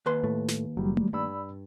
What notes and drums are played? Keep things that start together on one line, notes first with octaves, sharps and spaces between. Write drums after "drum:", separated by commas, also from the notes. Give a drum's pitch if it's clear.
D#2 B4 C6
A2 A3
drum: snare
F#1 F#3 G3
drum: tom A3
G2 D5 B5 E6